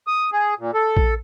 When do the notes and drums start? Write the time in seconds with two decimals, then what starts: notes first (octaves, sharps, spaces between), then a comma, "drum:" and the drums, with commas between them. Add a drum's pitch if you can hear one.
0.07 D#6
0.32 G#4
0.59 A#2
0.74 A4
0.97 drum: kick A#1